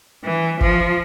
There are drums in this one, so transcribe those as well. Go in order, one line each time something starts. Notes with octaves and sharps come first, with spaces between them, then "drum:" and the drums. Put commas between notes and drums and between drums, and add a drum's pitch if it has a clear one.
E3
F3, drum: kick